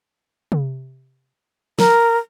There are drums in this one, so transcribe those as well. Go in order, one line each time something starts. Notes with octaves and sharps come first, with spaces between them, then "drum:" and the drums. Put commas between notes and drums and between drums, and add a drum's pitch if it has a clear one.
drum: tom C3
A#4, drum: snare